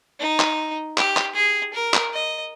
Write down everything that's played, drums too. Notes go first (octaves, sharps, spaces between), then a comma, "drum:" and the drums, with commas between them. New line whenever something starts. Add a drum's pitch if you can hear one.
D#4
drum: clap
G4, drum: clap
drum: clap
G#4
A#4
drum: clap
D#5